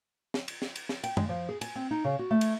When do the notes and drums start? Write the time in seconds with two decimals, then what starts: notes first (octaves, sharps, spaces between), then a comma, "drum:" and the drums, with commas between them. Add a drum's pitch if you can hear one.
0.34 drum: snare
0.48 drum: cymbal
0.62 drum: snare
0.76 drum: cymbal
0.89 drum: snare
1.04 G5, drum: cymbal
1.17 G#3, drum: tom F#2
1.29 F3
1.49 G#4
1.61 G#5, drum: cymbal
1.75 C4
1.91 D#4
2.04 C#3
2.19 F#4
2.31 A3
2.41 drum: cymbal